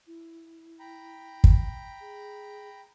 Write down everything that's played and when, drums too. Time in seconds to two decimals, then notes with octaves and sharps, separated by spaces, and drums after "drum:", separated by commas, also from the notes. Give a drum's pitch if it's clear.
0.07 E4
0.79 G5 A#5 B5
1.44 drum: kick
2.01 G#4